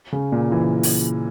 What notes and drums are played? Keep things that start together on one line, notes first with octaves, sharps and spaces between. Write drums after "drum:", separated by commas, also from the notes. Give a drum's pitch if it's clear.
C#3
A#2
E3
drum: open hi-hat